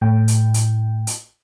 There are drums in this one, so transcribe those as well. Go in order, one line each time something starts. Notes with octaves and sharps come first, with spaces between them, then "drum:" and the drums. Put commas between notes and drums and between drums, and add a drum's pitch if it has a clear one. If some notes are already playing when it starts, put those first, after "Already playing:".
A2 G5
drum: hi-hat
drum: hi-hat
drum: hi-hat